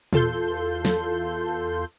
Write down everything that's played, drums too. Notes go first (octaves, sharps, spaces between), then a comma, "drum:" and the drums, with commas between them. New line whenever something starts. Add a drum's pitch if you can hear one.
E2 F4 A4 C6 G6, drum: tom A#2
drum: snare